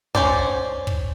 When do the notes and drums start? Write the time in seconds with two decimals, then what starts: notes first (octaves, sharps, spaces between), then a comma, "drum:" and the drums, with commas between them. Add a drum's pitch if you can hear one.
0.15 C#4 C5 D5, drum: kick
0.87 drum: kick